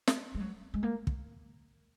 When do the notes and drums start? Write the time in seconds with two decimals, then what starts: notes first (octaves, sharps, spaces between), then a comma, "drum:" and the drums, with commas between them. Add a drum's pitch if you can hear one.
0.07 drum: snare
0.35 G#3
0.40 F#3
0.74 G#3
0.83 A#3
1.07 drum: kick